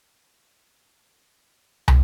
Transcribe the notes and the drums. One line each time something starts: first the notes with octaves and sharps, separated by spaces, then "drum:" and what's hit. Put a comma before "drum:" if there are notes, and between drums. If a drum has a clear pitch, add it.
G4 A4 A#4
drum: tom